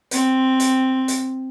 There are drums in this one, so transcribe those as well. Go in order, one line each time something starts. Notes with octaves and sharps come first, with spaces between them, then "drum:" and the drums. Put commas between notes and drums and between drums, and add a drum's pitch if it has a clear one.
C4, drum: hi-hat
drum: hi-hat
drum: hi-hat